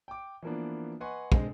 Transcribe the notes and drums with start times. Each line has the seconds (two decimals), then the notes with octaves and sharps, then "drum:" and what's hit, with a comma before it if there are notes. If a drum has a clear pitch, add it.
0.08 G5 D6
0.42 E3 F3 A#3 B3 D4
1.00 B4 D#5 F#5 G#5 C6 C#6
1.32 D3 G#3 C4, drum: kick